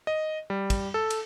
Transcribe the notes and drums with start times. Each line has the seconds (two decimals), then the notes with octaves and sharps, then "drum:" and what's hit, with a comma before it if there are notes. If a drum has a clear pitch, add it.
0.07 D#5
0.50 G3
0.70 drum: kick, cymbal
0.94 A4
1.10 drum: cymbal